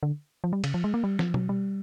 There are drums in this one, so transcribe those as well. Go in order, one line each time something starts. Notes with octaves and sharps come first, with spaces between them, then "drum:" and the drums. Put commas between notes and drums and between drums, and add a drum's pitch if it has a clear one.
D3
F3
G3
C#3, drum: cymbal
F3
G#3
A#3
G3
F3, drum: snare
F#3, drum: tom B2
G3